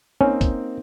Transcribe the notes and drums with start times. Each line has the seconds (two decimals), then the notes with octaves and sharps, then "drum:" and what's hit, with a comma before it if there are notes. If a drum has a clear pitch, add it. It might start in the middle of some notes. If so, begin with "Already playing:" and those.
0.21 A#3 C4 C#4 D#4
0.41 drum: kick, hi-hat